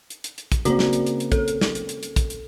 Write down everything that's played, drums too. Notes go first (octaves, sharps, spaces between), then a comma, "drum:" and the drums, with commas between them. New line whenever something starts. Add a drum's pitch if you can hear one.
drum: hi-hat
drum: hi-hat
drum: hi-hat
drum: kick, hi-hat
C#3 A#3 C4 F#4 D5 A#5, drum: hi-hat
drum: snare
drum: hi-hat
drum: hi-hat
drum: hi-hat
A4, drum: kick, hi-hat
drum: hi-hat
drum: snare
drum: hi-hat
drum: hi-hat
drum: hi-hat
drum: kick, hi-hat
drum: hi-hat